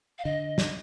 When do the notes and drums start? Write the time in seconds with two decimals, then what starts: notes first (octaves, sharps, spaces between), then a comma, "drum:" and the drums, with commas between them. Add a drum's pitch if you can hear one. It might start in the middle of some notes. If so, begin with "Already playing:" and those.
0.18 F5
0.24 D3 D#5
0.58 drum: snare